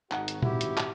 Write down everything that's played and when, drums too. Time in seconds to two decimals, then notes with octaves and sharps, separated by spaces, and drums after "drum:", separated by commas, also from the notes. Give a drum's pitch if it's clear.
0.11 G#1 D#4 F#4 F#5, drum: clap
0.28 drum: hi-hat
0.43 E4 G4, drum: tom A#2
0.61 drum: hi-hat
0.77 drum: clap